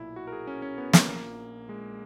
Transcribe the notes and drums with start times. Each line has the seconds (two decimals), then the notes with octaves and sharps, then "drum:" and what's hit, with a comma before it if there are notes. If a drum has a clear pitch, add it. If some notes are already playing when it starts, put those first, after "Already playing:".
Already playing: B1 A#2 E4
0.16 F#4
0.27 A#4
0.32 G#4
0.47 C#4
0.62 C#4
0.78 B3
0.93 A#3, drum: snare
1.08 A#1 A#2
1.69 G#3